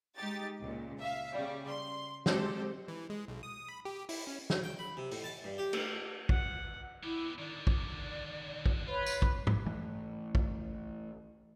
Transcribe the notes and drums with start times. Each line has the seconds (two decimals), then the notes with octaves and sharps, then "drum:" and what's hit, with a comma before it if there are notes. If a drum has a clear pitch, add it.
0.17 G#3 D#4 G4 A6
0.61 C#2 A#2
0.99 E5 F5
1.33 C#3 G3
1.68 C6
2.26 G#3 C4 G4 A4 C5, drum: snare
2.88 E3
3.10 G#3
3.28 B1
3.43 D#6
3.69 B5
3.85 G4
4.09 E4, drum: open hi-hat
4.27 C#4
4.50 drum: snare
4.63 G5
4.79 B5
4.97 C3
5.11 A2, drum: open hi-hat
5.24 A5
5.44 G2
5.58 G4
5.73 A3, drum: cymbal
6.29 F#5, drum: kick
7.03 B3 E4 G4
7.39 D3 D#3 D5
7.67 drum: kick
8.66 drum: kick
8.88 F4 B4 C#5
9.06 drum: tambourine
9.22 drum: kick
9.47 drum: tom G#2
9.66 E3 A3
10.35 drum: kick